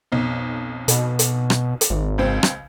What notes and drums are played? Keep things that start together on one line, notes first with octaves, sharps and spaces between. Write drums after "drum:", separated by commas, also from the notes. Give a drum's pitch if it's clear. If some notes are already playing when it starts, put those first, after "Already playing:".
B1 F2
B2, drum: hi-hat
drum: hi-hat
drum: rim click
drum: hi-hat
G#1
C#2 C4
drum: rim click